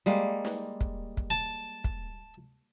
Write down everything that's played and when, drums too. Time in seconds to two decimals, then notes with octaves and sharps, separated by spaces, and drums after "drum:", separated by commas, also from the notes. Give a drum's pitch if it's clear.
0.06 G3 G#3 A#3
0.45 drum: snare
0.81 drum: kick
1.17 drum: kick
1.30 A5
1.84 drum: kick